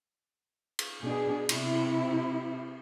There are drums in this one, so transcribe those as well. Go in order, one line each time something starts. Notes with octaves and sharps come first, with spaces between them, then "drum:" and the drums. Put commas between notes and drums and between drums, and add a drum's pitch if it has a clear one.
drum: cymbal
B2 D4 G#4
C3 E4, drum: cymbal